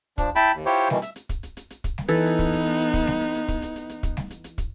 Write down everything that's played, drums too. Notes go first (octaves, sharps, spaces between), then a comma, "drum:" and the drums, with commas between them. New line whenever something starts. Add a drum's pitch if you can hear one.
F3 D4, drum: kick, hi-hat
E4 G5 A5 B5, drum: hi-hat
D#2
E4 F4 G4 C5 C#5
B2 D#3 E3, drum: snare G3
E5, drum: hi-hat
drum: hi-hat
drum: kick, hi-hat
drum: hi-hat
drum: hi-hat
drum: hi-hat
drum: kick, hi-hat
drum: snare G3
E3 B3 D#4 A4
drum: hi-hat
drum: kick, hi-hat
drum: hi-hat
drum: hi-hat
drum: hi-hat
drum: kick, hi-hat
drum: snare G3
drum: hi-hat
drum: hi-hat
drum: kick, hi-hat
drum: hi-hat
drum: hi-hat
drum: hi-hat
drum: kick, hi-hat
drum: snare G3
drum: hi-hat
drum: hi-hat
drum: kick, hi-hat